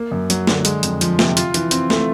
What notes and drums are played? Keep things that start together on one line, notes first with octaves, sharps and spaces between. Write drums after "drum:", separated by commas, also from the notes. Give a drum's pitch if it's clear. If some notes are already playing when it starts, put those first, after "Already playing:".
Already playing: A#3
F#2
F#3, drum: hi-hat
D3, drum: snare
G#3, drum: hi-hat
F2, drum: hi-hat
F3, drum: hi-hat
C3, drum: snare
F4, drum: hi-hat
E3, drum: hi-hat
C4, drum: hi-hat
A3, drum: snare